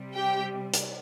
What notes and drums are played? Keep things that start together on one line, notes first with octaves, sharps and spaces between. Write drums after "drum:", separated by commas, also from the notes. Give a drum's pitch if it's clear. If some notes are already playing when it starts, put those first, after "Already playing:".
Already playing: C3 G3
G4 G5
drum: hi-hat